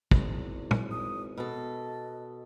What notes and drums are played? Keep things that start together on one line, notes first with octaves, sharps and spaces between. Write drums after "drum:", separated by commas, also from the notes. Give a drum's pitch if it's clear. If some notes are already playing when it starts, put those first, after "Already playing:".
G#1 E2, drum: kick
drum: tom
D#6
B2 A4 D#5